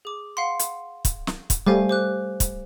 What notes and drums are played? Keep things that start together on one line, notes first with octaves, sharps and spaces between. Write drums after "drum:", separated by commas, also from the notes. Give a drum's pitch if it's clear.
G#4 D6
F5 F#5 C6
drum: hi-hat
drum: kick, hi-hat
drum: snare
drum: kick, hi-hat
G3 A3 C5 F5 G#5
C5 D6 F#6
drum: kick, hi-hat